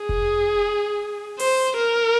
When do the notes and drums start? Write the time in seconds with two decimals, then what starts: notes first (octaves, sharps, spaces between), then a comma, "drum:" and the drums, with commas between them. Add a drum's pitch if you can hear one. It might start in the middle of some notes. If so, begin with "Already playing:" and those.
Already playing: G#4
0.09 drum: kick F1
1.39 C5, drum: open hi-hat
1.78 A#4